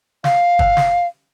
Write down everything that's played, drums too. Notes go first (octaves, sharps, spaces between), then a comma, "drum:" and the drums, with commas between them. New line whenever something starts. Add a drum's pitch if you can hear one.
F5, drum: snare
drum: kick
drum: snare